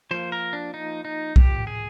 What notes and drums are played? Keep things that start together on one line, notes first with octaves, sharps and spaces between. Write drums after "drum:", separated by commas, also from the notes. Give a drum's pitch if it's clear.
F3 A#3 C5
A#4
D4
D#4
D#4
G4, drum: kick B1
G#4